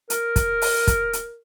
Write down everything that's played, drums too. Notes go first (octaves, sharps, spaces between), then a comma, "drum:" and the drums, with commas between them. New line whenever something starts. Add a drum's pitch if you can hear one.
A#4, drum: hi-hat
drum: kick, hi-hat
drum: open hi-hat
drum: kick, hi-hat
drum: hi-hat